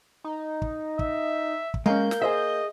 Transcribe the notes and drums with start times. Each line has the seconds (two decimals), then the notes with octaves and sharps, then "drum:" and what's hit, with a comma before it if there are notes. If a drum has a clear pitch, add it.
0.24 D#4
0.62 drum: kick
0.99 E5, drum: kick
1.74 drum: kick
1.86 G#3 A#3 C#4 G6
2.11 drum: snare
2.22 G#4 C5 D#5 E5